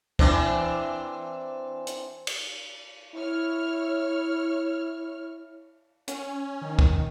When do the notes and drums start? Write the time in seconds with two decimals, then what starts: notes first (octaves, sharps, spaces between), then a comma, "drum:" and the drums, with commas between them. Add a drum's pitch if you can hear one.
0.19 E3 C4 D4, drum: kick
1.87 drum: hi-hat
2.27 drum: cymbal
3.14 E4 C#5 F6
6.08 C#4, drum: hi-hat
6.62 D#3
6.79 drum: kick